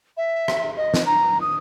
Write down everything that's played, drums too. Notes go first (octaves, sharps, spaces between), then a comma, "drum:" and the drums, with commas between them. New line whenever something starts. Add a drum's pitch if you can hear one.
E5
drum: rim click
D#5
drum: snare
A#5
D#6